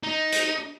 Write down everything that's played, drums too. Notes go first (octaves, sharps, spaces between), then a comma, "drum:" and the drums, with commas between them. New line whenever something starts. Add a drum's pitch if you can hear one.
D#4
drum: hi-hat